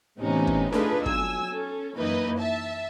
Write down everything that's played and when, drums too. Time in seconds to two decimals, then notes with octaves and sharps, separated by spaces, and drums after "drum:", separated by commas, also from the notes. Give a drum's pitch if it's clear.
0.21 A2 C3 E3 B3 C#4 D#4
0.47 drum: kick
0.72 A3 D4 D#4 F4 G#4 B4, drum: snare
1.06 B1 G#5 E6, drum: kick
1.49 C#4 A4
1.97 F#2 E3 A#3 D#4 B4 D#5
2.38 E5 A5